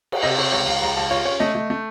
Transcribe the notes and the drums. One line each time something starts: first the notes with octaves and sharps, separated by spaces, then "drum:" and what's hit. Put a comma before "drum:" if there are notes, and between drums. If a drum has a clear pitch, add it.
drum: cymbal
C3 D#5
C3 C#5
C#2 C#5
C#2 F5
C#2 A#5
C#2 A5
F4 C#5
C#4 C#5
A3 D#5
A3
A3